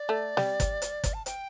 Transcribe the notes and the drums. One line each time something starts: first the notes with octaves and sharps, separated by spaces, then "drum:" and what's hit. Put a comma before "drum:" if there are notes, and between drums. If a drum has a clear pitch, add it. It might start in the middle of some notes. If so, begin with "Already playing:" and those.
Already playing: D5
A3
G3, drum: snare
drum: kick G1, hi-hat
drum: hi-hat
drum: kick G1, hi-hat
A5
G5, drum: hi-hat